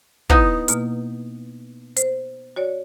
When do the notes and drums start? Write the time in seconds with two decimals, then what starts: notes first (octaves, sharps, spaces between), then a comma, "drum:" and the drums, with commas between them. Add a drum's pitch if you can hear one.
0.30 B3 D#4 E4, drum: kick
0.68 B2 A#3 F6, drum: hi-hat
1.97 C5, drum: hi-hat
2.56 F#4 C#5 D5